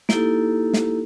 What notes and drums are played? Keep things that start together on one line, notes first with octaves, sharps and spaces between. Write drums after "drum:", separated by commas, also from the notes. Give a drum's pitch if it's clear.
A#3 D#4 E4 G4 A4, drum: snare
drum: snare